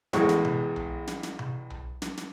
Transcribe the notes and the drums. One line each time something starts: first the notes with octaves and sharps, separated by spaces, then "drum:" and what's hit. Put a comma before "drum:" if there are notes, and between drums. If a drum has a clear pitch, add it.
A1 E2 A2 G#3 C#6, drum: snare
drum: snare
drum: tom B2
drum: tom B1
drum: snare
drum: snare
drum: tom B2
drum: tom B1
drum: snare
drum: snare